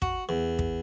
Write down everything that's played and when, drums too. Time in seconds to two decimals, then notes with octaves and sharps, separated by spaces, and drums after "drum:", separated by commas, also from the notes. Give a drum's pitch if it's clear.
0.02 F#4, drum: kick
0.29 E2
0.59 drum: kick